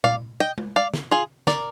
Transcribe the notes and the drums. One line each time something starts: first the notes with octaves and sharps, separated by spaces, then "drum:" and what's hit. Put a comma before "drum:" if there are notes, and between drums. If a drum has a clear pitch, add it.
D5 F5, drum: tom A#2
D#5 G5
drum: tom G#3
D5 F5
drum: snare
F4 G#4
A#4 D5, drum: snare